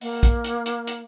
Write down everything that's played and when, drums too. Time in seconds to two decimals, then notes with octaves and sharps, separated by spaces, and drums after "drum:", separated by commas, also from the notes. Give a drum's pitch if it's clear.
0.01 A#3, drum: open hi-hat
0.23 drum: kick, hi-hat
0.44 drum: hi-hat
0.66 drum: hi-hat
0.87 drum: hi-hat